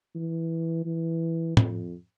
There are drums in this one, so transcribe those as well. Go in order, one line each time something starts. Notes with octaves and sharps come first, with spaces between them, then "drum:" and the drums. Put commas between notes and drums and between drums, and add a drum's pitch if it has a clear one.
E3
E3
F2, drum: tom